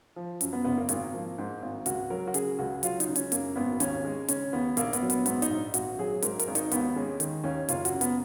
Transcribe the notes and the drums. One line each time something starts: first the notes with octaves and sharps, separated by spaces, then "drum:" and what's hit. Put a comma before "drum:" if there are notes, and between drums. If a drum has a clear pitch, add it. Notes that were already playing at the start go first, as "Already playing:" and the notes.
F3
F#2, drum: hi-hat
B3
F#1 B3
A#3
G#1 A#3, drum: hi-hat
F3
G#2
G#1
C#2 F#4, drum: hi-hat
F#3 A#4
F#4
C#3 G#4, drum: hi-hat
C#2 F#4
F#3 F4, drum: hi-hat
D#4, drum: hi-hat
C#3
C#4, drum: hi-hat
F#2 A#3, drum: hi-hat
G#1 B3
D#2 C#4, drum: hi-hat
G#3
C#3 C#4, drum: hi-hat
D#2 B3
A#1 A#3, drum: hi-hat
B3, drum: hi-hat
F#3
B3, drum: hi-hat
G#2 B3, drum: hi-hat
D#4, drum: hi-hat
A#1
G#1 F#4, drum: hi-hat
F#3 G#4
G#2 A#4, drum: hi-hat
A#4, drum: hi-hat
G#1
D#4, drum: hi-hat
D#2 B3, drum: hi-hat
G#3 C#4
D#3, drum: hi-hat
D#2 C#4
F#1 F4, drum: hi-hat
F#4, drum: hi-hat
C#3
B3, drum: hi-hat